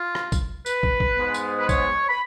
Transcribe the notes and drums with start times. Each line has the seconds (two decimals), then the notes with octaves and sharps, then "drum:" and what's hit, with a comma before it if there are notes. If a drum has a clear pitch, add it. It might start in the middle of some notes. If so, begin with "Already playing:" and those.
Already playing: F4
0.15 drum: rim click
0.32 drum: kick, tambourine
0.66 B4, drum: tambourine
0.83 drum: kick
1.00 drum: kick
1.17 G#2 G#3 B3
1.34 drum: tambourine
1.58 B4
1.69 C#5, drum: kick, tambourine
2.09 B5